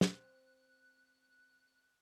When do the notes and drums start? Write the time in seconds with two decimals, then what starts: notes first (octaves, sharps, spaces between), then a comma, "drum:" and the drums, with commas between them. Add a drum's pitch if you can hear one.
0.01 C4 F#6, drum: snare